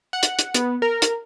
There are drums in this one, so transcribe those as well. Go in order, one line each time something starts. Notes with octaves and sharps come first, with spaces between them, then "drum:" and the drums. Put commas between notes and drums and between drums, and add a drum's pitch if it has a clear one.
F#5
drum: hi-hat
drum: hi-hat
B3, drum: hi-hat
A#4
drum: hi-hat